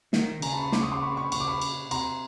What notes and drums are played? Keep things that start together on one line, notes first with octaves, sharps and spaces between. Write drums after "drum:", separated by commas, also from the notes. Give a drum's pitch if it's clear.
D#3, drum: snare
C#3 G#5 A#5, drum: cymbal
A5 B5
B5 C#6
C6 D6, drum: snare
C#6 D#6
C6 D6
B5 C#6
B5 C#6
C#3 C#6, drum: cymbal
D6
B5 C#6
drum: cymbal
C3 A#5 C6, drum: cymbal